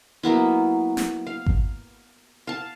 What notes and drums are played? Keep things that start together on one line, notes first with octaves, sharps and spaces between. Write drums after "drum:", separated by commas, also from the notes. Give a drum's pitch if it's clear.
F#3 A#3 B3 E4
drum: snare
F5
drum: kick G#1
F5 A5